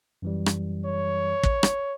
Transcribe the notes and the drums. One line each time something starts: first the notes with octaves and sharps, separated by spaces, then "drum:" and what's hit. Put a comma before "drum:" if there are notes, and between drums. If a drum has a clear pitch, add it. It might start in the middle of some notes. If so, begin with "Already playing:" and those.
F#2 E3 G3
drum: rim click
C#5
drum: kick
drum: rim click